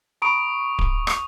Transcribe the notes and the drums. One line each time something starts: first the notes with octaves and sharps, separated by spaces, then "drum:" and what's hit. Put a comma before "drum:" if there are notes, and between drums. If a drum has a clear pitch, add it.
A#5 B5 C#6 D#6 D7
drum: kick D1
drum: rim click